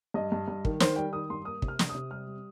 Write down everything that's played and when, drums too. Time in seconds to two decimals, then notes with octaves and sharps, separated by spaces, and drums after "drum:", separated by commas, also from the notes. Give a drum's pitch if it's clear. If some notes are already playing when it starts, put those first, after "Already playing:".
0.14 G2 D#5
0.32 G2
0.48 G2
0.65 D#3, drum: kick
0.80 D#3 C5, drum: snare
0.96 G3 G5
1.13 D#3 D#6
1.30 G2 C6
1.45 A#3 D#6
1.62 C3, drum: kick
1.68 F6
1.79 C3, drum: snare
1.89 D#6
1.95 C3
2.11 G3 F6
2.27 G3